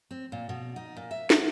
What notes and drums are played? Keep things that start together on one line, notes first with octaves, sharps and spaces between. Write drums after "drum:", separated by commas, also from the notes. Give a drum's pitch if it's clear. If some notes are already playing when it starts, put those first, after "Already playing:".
C4
A#2
B2
D#4
A#2
E5
F#5, drum: snare